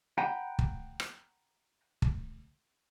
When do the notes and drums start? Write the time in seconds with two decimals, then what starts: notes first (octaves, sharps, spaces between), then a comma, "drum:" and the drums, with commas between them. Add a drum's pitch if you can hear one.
0.18 F#5 G5 A#5 B5
0.59 drum: kick
1.00 drum: rim click
2.02 drum: kick